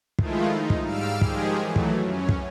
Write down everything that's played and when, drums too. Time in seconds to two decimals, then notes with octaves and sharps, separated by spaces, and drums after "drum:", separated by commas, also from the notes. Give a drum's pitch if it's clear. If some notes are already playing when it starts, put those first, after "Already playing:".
0.19 D#3 F3 G#3 A3 E4 F4, drum: kick
0.48 D#4
0.70 drum: kick
0.83 G#2 G3 F5 E6 F6 D7
1.21 D#3 F3 G#3 G4 G#4, drum: kick
1.61 E3 F#3 A3
1.76 drum: kick
2.02 F#2 C#4
2.29 drum: kick